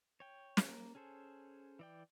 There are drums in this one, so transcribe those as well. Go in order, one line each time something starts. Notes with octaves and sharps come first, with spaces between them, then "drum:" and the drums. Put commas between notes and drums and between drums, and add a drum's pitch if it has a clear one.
C#5 G5
drum: snare
A#3
C#4 G#4 A4 C5
E3 D5 G5